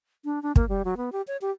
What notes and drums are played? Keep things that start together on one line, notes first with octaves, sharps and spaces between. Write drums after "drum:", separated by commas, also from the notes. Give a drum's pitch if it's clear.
D4
D4
A#3, drum: kick
G3
F#3
B3
G4
C#5
G4